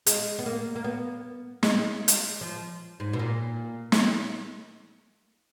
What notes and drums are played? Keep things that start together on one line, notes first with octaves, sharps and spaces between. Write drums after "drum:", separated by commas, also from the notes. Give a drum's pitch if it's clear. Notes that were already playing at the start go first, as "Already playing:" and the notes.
G#3, drum: hi-hat
B3
A#3
A#3
B3
G#3, drum: snare
drum: hi-hat
F3
G#2
B2
A#2
drum: snare